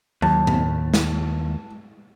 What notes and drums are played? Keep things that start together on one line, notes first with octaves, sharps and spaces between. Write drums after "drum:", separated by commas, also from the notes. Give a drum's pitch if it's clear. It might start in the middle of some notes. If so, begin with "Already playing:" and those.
D#2 A5, drum: tom F#3
drum: tom
drum: snare